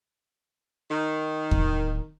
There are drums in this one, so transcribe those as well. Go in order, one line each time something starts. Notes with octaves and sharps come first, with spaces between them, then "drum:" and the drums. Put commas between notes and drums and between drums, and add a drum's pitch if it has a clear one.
D#3
D1, drum: kick E2